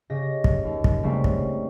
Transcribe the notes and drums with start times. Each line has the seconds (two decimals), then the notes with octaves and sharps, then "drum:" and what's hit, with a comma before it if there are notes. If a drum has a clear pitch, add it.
0.10 C#3 G4 D#5 A#6
0.44 drum: kick
0.64 D#2
0.84 drum: kick
1.03 C#3 G3 A3 A#3 C4
1.24 drum: kick